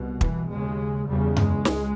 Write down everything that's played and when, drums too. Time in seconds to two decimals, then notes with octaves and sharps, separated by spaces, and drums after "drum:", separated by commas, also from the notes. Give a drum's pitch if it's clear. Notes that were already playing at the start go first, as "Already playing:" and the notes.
Already playing: C2 B2
0.21 E3, drum: kick
0.49 D#2 C#3 G#3
1.07 E2 C#3 G3
1.36 G#3, drum: tom F#2
1.65 C#2, drum: snare